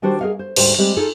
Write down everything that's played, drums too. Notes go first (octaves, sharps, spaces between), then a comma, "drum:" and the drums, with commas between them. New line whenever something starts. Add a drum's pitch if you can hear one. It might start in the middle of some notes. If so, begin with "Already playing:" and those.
D#3 G3 D4 F#4 G4 C5
G#4 A#4 C5 D#5 F5 F#5
C5
D2 G#2 G3 F#4 C5 G5, drum: cymbal
G3 G#3 C4 D4 G4 C5
D#4 F4 G#4 A4